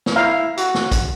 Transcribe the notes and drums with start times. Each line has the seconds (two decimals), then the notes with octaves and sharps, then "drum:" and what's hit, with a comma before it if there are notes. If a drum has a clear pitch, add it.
0.06 drum: snare
0.16 E4 F5 A#5
0.57 F#4, drum: hi-hat
0.74 drum: snare
0.92 drum: kick, hi-hat